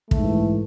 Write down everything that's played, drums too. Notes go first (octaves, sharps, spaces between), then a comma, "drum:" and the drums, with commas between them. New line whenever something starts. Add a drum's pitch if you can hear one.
G#2 E3 A3, drum: kick